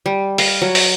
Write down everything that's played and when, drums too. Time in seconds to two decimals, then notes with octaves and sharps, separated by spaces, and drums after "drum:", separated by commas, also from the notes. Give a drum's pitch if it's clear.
0.06 G3
0.38 F5, drum: open hi-hat
0.62 F#3
0.75 drum: open hi-hat